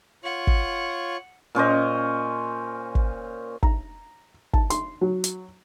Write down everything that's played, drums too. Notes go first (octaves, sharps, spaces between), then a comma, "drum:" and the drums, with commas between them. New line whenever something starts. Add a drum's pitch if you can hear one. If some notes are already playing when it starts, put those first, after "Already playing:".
F4 C#5 F#5 C#6
drum: kick
A#2 C#4 C5 D#5
drum: kick
A#5, drum: kick
A5, drum: kick
C6, drum: hi-hat
F#3
drum: hi-hat